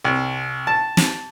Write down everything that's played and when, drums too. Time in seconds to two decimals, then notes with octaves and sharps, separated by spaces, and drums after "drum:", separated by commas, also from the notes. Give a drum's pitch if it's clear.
0.05 C2
0.67 A5
0.97 drum: snare